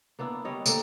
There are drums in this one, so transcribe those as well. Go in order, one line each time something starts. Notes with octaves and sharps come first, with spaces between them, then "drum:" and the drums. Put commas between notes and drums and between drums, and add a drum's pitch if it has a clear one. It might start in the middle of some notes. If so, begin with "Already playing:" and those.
A#3 B3 D4 E4
G3 C#5 D#5
D3 A#3 C4, drum: tambourine